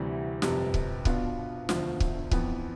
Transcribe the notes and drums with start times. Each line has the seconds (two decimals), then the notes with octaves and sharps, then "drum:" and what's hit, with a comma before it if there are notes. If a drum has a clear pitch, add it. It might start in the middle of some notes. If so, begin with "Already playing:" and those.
Already playing: D2 C3 E3 G3
0.42 G1 F2 C3 G3, drum: snare
0.74 drum: kick C#1
1.05 B2 B3 D4 F4, drum: kick C#1
1.69 E1 D2 D3 F3, drum: snare
2.00 drum: kick C#1
2.31 F2 E3 B3, drum: kick C#1